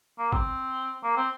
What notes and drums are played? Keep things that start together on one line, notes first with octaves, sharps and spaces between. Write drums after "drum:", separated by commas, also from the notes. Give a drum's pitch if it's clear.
A#3
C4, drum: kick
A#3
C4